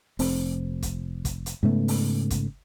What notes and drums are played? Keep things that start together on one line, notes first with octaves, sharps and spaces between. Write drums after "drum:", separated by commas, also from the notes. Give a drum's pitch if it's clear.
F1 C4, drum: open hi-hat
drum: kick, hi-hat
drum: kick, hi-hat
drum: hi-hat
G#2 C#3 A3 B3
drum: open hi-hat
drum: kick, hi-hat